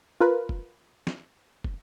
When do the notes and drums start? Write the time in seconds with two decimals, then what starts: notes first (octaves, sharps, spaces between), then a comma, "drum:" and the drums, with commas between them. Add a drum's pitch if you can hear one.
0.20 F4 A#4 B4
0.49 drum: kick
1.07 drum: snare
1.64 drum: kick